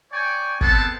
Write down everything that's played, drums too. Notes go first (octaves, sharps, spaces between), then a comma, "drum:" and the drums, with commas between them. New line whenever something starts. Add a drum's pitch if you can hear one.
C#5 D5 G5 G#5 C#6
G#3 B3 C4 A4 A5, drum: kick G1